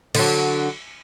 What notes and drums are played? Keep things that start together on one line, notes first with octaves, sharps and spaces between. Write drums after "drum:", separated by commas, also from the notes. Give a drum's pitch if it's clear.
D3 F#3, drum: cymbal